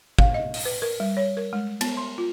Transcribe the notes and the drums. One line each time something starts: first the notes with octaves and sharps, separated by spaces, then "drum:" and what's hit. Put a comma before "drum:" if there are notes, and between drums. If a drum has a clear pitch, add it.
F5, drum: kick
D#5
drum: open hi-hat
B4
A#4
G3
C#5
A#4
G#3
B3, drum: cymbal
C6
F4